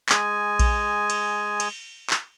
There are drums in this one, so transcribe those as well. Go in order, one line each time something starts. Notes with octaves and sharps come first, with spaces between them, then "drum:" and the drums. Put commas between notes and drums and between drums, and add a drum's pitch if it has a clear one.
G#3 G#5, drum: clap
drum: kick A#1, cymbal
drum: cymbal
drum: cymbal
drum: clap